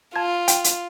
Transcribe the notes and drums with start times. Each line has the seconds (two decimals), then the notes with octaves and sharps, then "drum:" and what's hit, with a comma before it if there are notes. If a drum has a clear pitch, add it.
0.16 F4 A5 G#6
0.48 G5, drum: hi-hat
0.64 drum: hi-hat